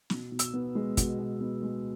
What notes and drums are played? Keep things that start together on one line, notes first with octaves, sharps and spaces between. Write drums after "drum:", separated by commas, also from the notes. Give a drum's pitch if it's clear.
B2, drum: snare
B2
E6, drum: hi-hat
B3
G#3
B2, drum: kick, hi-hat
B2
B3
G#3